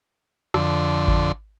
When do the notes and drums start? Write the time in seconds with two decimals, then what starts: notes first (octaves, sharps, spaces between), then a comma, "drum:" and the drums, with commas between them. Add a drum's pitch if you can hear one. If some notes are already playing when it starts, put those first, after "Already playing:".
0.54 F2 D3, drum: rim click
1.08 drum: kick G#1